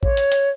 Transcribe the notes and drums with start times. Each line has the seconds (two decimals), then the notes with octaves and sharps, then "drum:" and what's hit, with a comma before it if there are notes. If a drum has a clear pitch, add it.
0.03 C#5, drum: kick A1
0.17 drum: hi-hat
0.32 drum: hi-hat